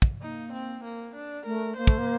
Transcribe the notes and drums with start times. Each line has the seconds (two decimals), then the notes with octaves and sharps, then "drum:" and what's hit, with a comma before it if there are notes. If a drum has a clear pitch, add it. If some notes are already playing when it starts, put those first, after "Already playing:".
0.02 drum: kick
0.22 A#3 D#4
0.53 C4
0.84 A#3
1.15 D4
1.46 A3 A#4
1.77 A#3 C5
1.87 A3, drum: kick
1.98 A#3